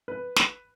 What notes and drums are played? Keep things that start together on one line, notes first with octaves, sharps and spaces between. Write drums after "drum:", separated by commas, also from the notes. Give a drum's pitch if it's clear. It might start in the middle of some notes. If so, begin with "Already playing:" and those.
B4
drum: snare